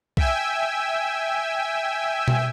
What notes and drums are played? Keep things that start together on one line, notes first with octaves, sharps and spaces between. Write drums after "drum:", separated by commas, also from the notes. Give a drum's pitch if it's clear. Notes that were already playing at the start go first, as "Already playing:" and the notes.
E5 G5 G#5 E6, drum: kick B1
drum: tom B2